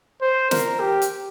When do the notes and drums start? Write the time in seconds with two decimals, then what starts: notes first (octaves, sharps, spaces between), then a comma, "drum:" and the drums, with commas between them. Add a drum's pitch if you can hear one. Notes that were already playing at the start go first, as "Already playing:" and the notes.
0.22 C5
0.51 A#4, drum: snare
0.80 G4
1.02 drum: hi-hat